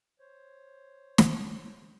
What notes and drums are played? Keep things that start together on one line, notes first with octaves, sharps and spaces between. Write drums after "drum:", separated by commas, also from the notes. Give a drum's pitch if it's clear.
C5 C#5
drum: snare